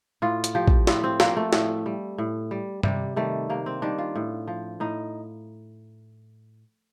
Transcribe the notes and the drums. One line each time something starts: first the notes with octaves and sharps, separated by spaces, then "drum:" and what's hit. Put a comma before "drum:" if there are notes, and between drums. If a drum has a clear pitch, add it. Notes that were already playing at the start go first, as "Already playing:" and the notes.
A2 F4
drum: hi-hat
F3 G4
drum: kick
A2 F4, drum: snare
C4
F3 A#3, drum: snare
A3
A2, drum: snare
G3
A2
G3
C3 G3, drum: tom G2
D#3 G3 A3
C3 A#3
C4
D#3 G3 D4
F4
A2
F3
A2 D#4